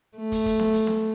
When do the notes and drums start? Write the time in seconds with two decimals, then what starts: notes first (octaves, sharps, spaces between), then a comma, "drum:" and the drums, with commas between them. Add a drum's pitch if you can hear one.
0.18 A3
0.32 drum: kick, hi-hat
0.46 drum: kick, hi-hat
0.59 drum: snare B3
0.73 drum: hi-hat
0.87 drum: snare B3